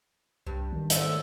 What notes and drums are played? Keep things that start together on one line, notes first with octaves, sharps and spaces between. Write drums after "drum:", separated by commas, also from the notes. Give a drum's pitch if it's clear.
C2 G2
D#3
G#2 D3 A3, drum: hi-hat